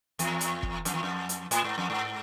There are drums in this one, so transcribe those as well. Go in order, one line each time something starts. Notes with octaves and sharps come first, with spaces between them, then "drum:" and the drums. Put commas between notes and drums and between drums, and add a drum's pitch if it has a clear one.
E2, drum: hi-hat
drum: hi-hat
drum: kick
F2, drum: hi-hat
E2
F2
drum: hi-hat
A2, drum: hi-hat
G#2
F2
G#2